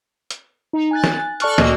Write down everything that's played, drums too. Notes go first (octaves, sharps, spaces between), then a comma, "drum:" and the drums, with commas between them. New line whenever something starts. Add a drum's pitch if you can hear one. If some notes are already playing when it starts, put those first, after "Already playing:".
drum: hi-hat
D#4
G#5 F#6 A6
drum: snare
A4 D5 A5 C#6 F6 F#6, drum: hi-hat
D2 A#2 A#3 F#4 D#5 E6, drum: snare